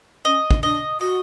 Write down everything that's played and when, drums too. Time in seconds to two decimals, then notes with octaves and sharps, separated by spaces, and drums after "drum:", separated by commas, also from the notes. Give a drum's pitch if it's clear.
0.25 C#4 D#5
0.51 drum: kick
0.63 D4 D#5
1.00 F#4 D#5